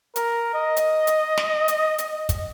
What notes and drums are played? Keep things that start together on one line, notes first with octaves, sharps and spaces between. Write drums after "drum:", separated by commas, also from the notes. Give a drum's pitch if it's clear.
A#4, drum: hi-hat
D#5
drum: hi-hat
drum: hi-hat
drum: snare
drum: hi-hat
drum: hi-hat
drum: kick, hi-hat